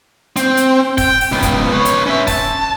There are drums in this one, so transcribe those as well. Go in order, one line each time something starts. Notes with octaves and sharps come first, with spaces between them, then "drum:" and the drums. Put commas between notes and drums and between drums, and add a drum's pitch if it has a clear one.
C4, drum: hi-hat
drum: hi-hat
G5, drum: kick, open hi-hat
drum: open hi-hat
C#2 B3
drum: kick, hi-hat
B4 C#5
drum: hi-hat
C#4 E5
A5, drum: kick, open hi-hat